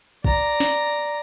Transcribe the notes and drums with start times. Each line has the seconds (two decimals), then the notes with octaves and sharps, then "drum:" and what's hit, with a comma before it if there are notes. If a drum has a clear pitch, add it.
0.24 D5 A#5, drum: kick
0.60 drum: snare